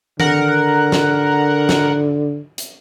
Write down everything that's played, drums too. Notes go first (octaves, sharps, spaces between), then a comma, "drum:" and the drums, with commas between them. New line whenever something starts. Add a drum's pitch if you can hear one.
D3 A#4 F#5, drum: tom D#3
drum: snare
drum: snare
drum: hi-hat